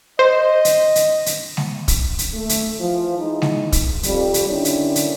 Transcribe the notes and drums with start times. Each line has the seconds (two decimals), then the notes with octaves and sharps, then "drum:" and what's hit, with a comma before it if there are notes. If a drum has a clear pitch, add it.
0.19 C5 D#5
0.65 drum: hi-hat
0.95 drum: hi-hat
1.26 drum: hi-hat
1.57 drum: snare G#3
1.88 drum: kick, hi-hat
2.19 drum: hi-hat
2.34 A3
2.49 drum: hi-hat
2.79 E3 F3
3.17 E3 G#3 D#4
3.42 drum: snare G#3
3.72 drum: kick, hi-hat
4.03 F2 G3, drum: hi-hat
4.34 drum: hi-hat
4.48 D3 D#3 C#4 D4 E4
4.65 drum: hi-hat
4.95 drum: hi-hat